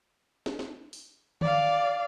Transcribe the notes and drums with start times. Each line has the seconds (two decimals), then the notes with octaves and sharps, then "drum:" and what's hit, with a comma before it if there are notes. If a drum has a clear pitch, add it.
0.46 drum: snare
0.59 drum: snare
0.93 drum: open hi-hat
1.41 D5 F5, drum: tom D3